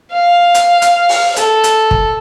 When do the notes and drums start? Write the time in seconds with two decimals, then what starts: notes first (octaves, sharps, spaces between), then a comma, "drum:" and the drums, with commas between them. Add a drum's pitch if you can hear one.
0.12 F5
0.54 drum: hi-hat
0.82 drum: hi-hat
1.09 drum: open hi-hat
1.36 A4, drum: hi-hat
1.64 drum: hi-hat
1.91 drum: kick